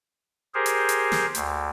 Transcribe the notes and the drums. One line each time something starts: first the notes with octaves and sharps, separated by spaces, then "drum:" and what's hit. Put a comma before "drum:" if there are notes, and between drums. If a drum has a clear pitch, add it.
G4 G#4 A#4 C5
drum: hi-hat
drum: hi-hat
drum: snare
D2, drum: hi-hat